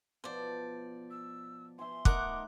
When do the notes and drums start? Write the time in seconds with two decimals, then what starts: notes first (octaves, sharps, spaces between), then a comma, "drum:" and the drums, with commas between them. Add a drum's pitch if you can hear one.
0.24 B2 F3 C5 D5 A5
1.11 E6
1.79 E5 G#5 C6
2.05 A3 D#4 A#4 D#5 F#5 D6 F#6, drum: kick